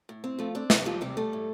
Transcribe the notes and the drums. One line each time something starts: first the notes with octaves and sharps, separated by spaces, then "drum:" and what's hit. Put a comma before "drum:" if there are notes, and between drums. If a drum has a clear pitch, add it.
A2
C4
F3 A3 F4
C4 D4
C3, drum: snare
F3 G3 F4
C3 G3 G4
G3 A3 A4
A2